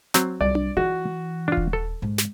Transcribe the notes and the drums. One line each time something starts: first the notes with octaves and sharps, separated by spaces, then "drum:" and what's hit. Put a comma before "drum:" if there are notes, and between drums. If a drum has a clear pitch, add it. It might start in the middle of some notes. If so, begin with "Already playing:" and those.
F#3 C4, drum: snare
C2 D5
drum: tom D4
E3 F#4
D4 F4
drum: kick D#1
A4
G#2
drum: snare